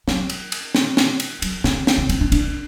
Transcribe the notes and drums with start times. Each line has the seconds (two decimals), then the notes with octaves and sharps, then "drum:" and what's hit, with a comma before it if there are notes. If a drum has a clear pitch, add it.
0.08 F#3, drum: snare
0.29 drum: cymbal
0.52 drum: cymbal
0.75 drum: snare
0.97 drum: snare
1.20 drum: cymbal
1.42 F#3, drum: cymbal
1.64 D3, drum: snare
1.87 drum: snare
1.98 D3
2.09 C4, drum: cymbal
2.21 D4
2.32 D4, drum: cymbal